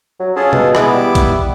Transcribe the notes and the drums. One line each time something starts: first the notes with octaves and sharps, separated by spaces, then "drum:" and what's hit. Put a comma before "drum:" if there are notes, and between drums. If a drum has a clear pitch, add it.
F#3
C#4 F4 G#4 A4
B2, drum: tom B2
G#3 B3 E4 D6, drum: rim click
G3
drum: kick, hi-hat